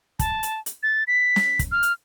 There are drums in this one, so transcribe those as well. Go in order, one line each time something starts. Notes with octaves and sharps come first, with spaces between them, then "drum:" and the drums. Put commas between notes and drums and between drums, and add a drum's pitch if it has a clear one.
A5, drum: kick, hi-hat
drum: hi-hat
drum: hi-hat
A6
B6
drum: snare
drum: kick, hi-hat
F6
drum: hi-hat